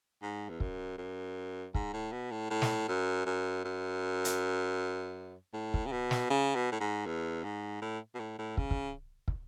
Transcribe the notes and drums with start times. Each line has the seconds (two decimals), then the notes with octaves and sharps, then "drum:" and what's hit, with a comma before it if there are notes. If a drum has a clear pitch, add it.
0.22 G#2
0.49 E2
0.60 F#2, drum: kick
0.98 F#2
1.75 G#2, drum: kick
1.93 A2
2.12 B2
2.31 A2
2.50 A2
2.62 drum: snare
2.88 F#2
3.26 F#2
3.64 F#2
4.25 drum: hi-hat
5.53 A2
5.74 drum: kick
5.86 C#3
5.92 B2
6.11 drum: snare
6.30 C#3
6.55 B2
6.72 A2
6.80 G#2
7.06 E2
7.43 G#2
7.81 A2
8.15 B2
8.20 A2
8.39 A2
8.57 C#3, drum: kick
8.71 drum: kick
9.28 drum: kick